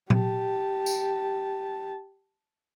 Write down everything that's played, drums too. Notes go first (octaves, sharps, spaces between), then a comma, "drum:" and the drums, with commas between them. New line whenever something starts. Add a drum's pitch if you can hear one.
G4 A5, drum: tom A#2
drum: tambourine